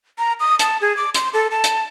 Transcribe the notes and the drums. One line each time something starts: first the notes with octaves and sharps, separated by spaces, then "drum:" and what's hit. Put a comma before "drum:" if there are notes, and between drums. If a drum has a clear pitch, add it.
A#5
D#6
A5, drum: hi-hat
G#4
D6
C6, drum: hi-hat
A4
A5
drum: hi-hat